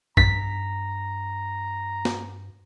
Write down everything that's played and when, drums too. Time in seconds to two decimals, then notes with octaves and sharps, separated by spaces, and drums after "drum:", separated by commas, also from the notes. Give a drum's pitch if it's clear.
0.17 G2 A#5 B6, drum: kick A#1
2.05 drum: snare